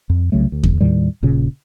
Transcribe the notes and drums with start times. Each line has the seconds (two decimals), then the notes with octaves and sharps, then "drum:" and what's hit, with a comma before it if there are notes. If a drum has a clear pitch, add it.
0.10 F2
0.32 C2 C#3 F#3 A3
0.52 D2
0.63 drum: kick E2
0.81 D#2 A2 D#3 G3
1.22 D#1 A#2 C#3 C#4